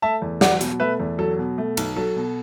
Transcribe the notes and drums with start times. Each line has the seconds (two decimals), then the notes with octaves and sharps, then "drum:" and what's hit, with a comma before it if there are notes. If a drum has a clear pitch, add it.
0.02 A3 E5 A5
0.22 E2
0.41 F#3 D5 F#5, drum: snare
0.61 B2, drum: hi-hat
0.80 A3 B4 E5
1.00 E2
1.18 F#3 A4
1.39 B2
1.58 A3
1.77 B1, drum: cymbal
1.96 F#3 A4
2.16 B2